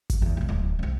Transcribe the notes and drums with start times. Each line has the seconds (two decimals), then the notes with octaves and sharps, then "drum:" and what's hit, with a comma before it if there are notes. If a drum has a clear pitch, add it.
0.10 drum: kick G#1, hi-hat
0.22 E2
0.37 B1 B3
0.49 D1 D#2
0.79 C2 C4